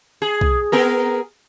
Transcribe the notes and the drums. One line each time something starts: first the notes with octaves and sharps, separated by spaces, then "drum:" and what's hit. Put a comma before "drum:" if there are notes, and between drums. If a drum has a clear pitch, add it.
G#4
drum: kick
B3 G#4 A#4